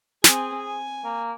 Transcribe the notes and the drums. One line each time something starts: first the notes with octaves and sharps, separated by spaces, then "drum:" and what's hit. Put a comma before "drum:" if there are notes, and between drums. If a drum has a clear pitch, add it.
C4 G#4 G#5, drum: snare
G#5
A#3